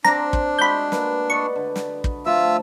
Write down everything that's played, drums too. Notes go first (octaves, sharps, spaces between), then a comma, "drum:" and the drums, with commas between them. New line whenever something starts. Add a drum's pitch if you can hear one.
C4 D4 C5 A#5 D6, drum: snare
drum: kick
G#3 F#4 G#4 B5 G6
A#3 B4, drum: snare
B4 D5 D#5 C#6
D3
drum: snare
drum: kick
F3 A3 F4 A4 E5 E6